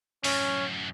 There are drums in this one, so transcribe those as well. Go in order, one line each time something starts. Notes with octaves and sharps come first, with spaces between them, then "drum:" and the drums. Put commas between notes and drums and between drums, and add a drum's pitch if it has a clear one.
F#2 A2 C#4, drum: open hi-hat